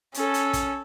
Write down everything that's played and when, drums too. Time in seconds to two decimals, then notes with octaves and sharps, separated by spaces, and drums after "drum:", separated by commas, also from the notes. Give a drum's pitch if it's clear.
0.14 C#4 A4, drum: hi-hat
0.34 drum: hi-hat
0.53 drum: kick, hi-hat